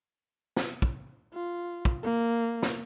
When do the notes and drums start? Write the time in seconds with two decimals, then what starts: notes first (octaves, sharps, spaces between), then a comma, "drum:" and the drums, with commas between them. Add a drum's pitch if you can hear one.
0.56 drum: snare
0.82 drum: kick
1.34 F4
1.85 drum: kick
2.03 A#3
2.62 drum: snare